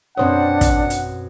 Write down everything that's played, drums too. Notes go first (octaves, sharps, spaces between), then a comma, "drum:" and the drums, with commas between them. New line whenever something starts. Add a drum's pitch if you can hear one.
F#2 B2 C4 D4 C5 C#5 F#5 D#6
drum: kick, hi-hat
drum: hi-hat